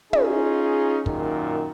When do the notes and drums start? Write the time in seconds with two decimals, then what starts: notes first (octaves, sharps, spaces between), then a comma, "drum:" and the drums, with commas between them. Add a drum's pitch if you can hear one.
0.13 C#4 D#4 F4 G#4, drum: tom
1.06 F#2 A#2 D#3, drum: kick